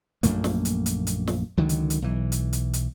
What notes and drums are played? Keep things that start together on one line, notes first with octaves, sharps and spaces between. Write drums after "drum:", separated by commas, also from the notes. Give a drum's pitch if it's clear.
A#1 F#2 A3 A#3, drum: hi-hat
drum: snare
drum: hi-hat
drum: hi-hat
drum: hi-hat
drum: snare
C#2 D3 D#3 F#3
drum: hi-hat
drum: hi-hat
B1 E3
drum: hi-hat
drum: hi-hat
drum: hi-hat